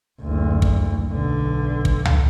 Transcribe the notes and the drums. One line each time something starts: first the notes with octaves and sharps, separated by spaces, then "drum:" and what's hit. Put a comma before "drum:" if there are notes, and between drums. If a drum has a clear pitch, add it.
F#1 D2
drum: kick
B1 D3
drum: kick
drum: tom C#2